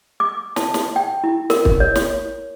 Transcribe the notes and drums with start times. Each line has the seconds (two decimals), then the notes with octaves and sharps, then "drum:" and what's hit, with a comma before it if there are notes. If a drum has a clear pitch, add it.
0.20 D6
0.56 A5, drum: snare
0.74 drum: snare
0.96 G5
1.24 E4
1.50 A#4, drum: snare
1.65 drum: kick
1.80 C#5
1.96 drum: snare